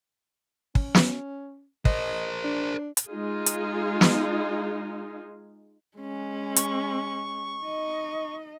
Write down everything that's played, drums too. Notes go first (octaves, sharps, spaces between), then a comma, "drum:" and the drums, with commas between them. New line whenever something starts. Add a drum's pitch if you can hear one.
C#4, drum: kick
drum: snare
A#4 C5 D#5, drum: kick
D4
drum: hi-hat
G#3 D#4 F4 G#4
drum: hi-hat
drum: snare
G#3 C#4
C#6, drum: hi-hat
D#4 D#5